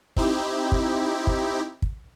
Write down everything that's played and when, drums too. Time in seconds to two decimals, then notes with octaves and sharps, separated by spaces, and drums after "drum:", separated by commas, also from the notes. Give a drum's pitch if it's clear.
0.17 C4 D#4 E4 G4, drum: kick
0.72 drum: kick
1.27 drum: kick
1.82 drum: kick